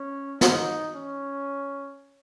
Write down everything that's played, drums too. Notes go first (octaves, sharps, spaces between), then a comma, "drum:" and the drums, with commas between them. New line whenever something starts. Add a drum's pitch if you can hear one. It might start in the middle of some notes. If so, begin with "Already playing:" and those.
Already playing: C#4
D#4, drum: snare
C#4